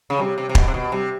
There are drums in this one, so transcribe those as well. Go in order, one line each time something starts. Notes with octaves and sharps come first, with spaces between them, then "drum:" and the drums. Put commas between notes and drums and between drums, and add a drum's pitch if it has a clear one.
C#3
C3 G3
C3
C3
B2, drum: kick
C3
B2
C3 G3